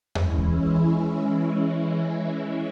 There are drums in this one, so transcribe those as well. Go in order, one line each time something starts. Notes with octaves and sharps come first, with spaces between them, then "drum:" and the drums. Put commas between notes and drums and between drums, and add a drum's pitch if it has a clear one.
E3 G#3 C#4 E4, drum: tom E2
drum: kick C#2